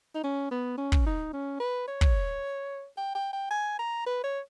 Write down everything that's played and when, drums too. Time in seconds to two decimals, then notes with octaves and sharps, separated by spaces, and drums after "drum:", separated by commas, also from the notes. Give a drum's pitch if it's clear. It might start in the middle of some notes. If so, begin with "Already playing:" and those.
0.15 D#4
0.24 C#4
0.51 B3
0.78 C#4
0.92 drum: kick
1.06 D#4
1.33 C#4
1.60 B4
1.88 C#5
2.01 drum: kick
2.97 G5
3.15 G5
3.33 G5
3.51 G#5
3.79 A#5
4.06 B4
4.24 C#5